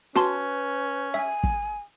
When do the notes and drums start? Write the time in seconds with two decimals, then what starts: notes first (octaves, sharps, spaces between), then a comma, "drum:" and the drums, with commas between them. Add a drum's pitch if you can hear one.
0.16 C#4 F#4 B4 A5 C6, drum: snare
1.14 E5 G#5
1.44 drum: kick